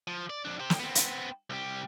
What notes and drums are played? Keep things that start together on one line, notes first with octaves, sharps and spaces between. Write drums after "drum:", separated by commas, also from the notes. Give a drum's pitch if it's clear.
F3
D5
F2 D4
G4 C5
drum: snare
B3 C4
drum: hi-hat
C2 G4